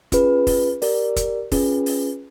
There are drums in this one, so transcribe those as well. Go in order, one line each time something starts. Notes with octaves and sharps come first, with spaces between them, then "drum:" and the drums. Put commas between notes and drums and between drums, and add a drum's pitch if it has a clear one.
C#4 F4 G#4 B4, drum: kick, hi-hat
drum: kick, open hi-hat
G4 A#4 D5, drum: open hi-hat
drum: kick, hi-hat
C#4 F4 G#4 B4, drum: kick, open hi-hat
drum: open hi-hat